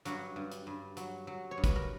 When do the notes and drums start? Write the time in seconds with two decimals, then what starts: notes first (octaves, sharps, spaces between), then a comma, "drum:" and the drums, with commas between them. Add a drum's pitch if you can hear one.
0.05 G2 F#3 F#4, drum: hi-hat
0.36 G2
0.51 drum: hi-hat
0.67 G2
0.97 F#3, drum: hi-hat
1.27 F#3
1.51 C#5
1.58 G2
1.64 B4, drum: kick, hi-hat
1.76 A#4